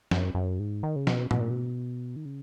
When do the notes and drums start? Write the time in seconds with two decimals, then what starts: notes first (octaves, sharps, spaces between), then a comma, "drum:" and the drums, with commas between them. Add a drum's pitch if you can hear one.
0.11 F#2, drum: snare
0.35 F#2
0.59 G#2
0.83 D#3
0.96 C#3
1.07 B2, drum: snare
1.31 B2, drum: tom
1.40 A#2
1.50 B2
2.16 D#3
2.25 C#3